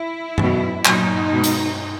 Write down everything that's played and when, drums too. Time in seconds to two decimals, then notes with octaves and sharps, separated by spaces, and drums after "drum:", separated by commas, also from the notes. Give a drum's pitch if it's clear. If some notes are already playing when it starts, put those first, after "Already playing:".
Already playing: E4
0.38 B2 F#3, drum: tom G2
0.85 A#2 F#3 D#4, drum: clap
1.32 B2 G#3
1.44 drum: hi-hat